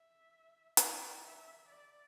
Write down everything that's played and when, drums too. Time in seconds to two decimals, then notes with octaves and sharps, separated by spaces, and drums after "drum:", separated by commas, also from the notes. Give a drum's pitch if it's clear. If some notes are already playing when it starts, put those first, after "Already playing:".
Already playing: E5
0.77 D5, drum: hi-hat
1.23 E5
1.69 D5